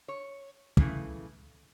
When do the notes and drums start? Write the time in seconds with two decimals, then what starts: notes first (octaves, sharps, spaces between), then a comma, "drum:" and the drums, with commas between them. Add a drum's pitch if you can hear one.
0.08 C#5
0.77 C#3 E3 A3, drum: kick